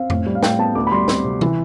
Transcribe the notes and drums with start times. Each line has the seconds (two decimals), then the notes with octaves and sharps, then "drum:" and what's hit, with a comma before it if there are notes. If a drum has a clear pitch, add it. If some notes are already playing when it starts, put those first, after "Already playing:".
Already playing: C4 F5
0.10 A2, drum: tom F2
0.26 G3
0.35 F5
0.43 A2 G5, drum: snare
0.59 B3 A5
0.75 D2 D6
0.87 B5
0.92 G3 C6
1.08 C4, drum: snare
1.25 C3
1.41 E3, drum: tom C3